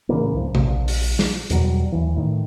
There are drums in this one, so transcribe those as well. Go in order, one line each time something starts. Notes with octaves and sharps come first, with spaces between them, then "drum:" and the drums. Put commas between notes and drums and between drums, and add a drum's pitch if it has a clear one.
A2 C#3 E3 A#3
C#2 G2 F3
A#1, drum: tom C3
drum: open hi-hat
drum: snare
E2 B2 F#3 G3, drum: hi-hat
D#2 E3
A2 D#3